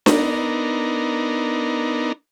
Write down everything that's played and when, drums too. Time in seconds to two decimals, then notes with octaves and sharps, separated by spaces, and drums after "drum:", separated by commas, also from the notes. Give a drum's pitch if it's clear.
0.06 B3 D4 D#4 A#4, drum: snare D4